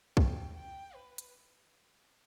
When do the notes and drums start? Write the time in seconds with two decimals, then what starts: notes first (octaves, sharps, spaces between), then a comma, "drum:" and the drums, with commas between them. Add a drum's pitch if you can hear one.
0.17 G5, drum: kick
0.57 G5
0.95 B4
1.18 drum: hi-hat